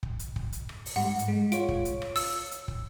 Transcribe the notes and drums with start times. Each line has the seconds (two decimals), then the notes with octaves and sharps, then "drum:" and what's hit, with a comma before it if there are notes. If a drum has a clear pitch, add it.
0.03 drum: kick
0.19 drum: hi-hat
0.36 drum: kick
0.52 drum: hi-hat
0.69 drum: rim click
0.86 drum: open hi-hat
0.96 G#2 G3 F#5
1.19 drum: hi-hat
1.28 G#3
1.52 F4 C#5 D7, drum: hi-hat
1.69 drum: kick
1.85 drum: hi-hat
2.02 drum: rim click
2.16 E6, drum: open hi-hat
2.51 drum: hi-hat
2.68 drum: kick